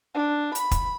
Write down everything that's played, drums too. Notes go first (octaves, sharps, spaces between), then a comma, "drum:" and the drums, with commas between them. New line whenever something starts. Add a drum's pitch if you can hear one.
D4
B5, drum: hi-hat
drum: kick, hi-hat